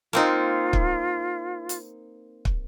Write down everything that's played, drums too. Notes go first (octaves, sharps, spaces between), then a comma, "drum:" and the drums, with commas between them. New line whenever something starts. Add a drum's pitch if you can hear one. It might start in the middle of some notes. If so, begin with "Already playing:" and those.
A#3 C4 D#4 F4
drum: kick
drum: hi-hat
drum: kick